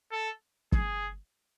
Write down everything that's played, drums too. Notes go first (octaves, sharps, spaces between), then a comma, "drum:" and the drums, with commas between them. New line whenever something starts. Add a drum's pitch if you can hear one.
A4
G#4, drum: kick